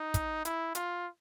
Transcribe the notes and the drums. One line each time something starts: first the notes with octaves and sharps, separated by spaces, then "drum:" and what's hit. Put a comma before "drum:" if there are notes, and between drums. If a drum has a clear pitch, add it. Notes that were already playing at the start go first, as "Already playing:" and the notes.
Already playing: D#4
drum: kick, hi-hat
E4, drum: hi-hat
F4, drum: hi-hat